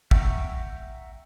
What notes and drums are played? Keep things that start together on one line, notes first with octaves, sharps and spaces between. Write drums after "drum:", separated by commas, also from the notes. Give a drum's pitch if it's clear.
E5 F#5 G5 A#5 C#6, drum: kick